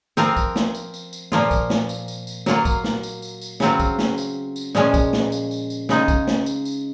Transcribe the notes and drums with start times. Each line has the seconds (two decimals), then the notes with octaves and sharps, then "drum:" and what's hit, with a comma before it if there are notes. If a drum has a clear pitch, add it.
0.17 F3 C4 F4 A#4, drum: snare
0.37 drum: kick, tambourine
0.56 drum: snare
0.75 drum: tambourine
0.94 drum: tambourine
1.13 drum: tambourine
1.32 A#2 F3 A#3 F4, drum: snare
1.51 drum: kick, tambourine
1.70 drum: snare
1.89 drum: tambourine
2.08 drum: tambourine
2.27 drum: tambourine
2.46 F#3 A#3 F4, drum: snare
2.65 drum: kick, tambourine
2.84 drum: snare
3.03 drum: tambourine
3.22 drum: tambourine
3.41 drum: tambourine
3.60 C#3 F#3 C4 F4, drum: snare
3.80 drum: kick, tambourine
3.99 drum: snare
4.18 drum: tambourine
4.56 drum: tambourine
4.75 A#2 F3 G#3 C#4, drum: snare
4.94 drum: kick, tambourine
5.13 drum: snare
5.32 drum: tambourine
5.51 drum: tambourine
5.70 drum: tambourine
5.89 C#3 G#3 D#4, drum: snare
6.08 drum: kick, tambourine
6.27 drum: snare
6.46 drum: tambourine
6.65 drum: tambourine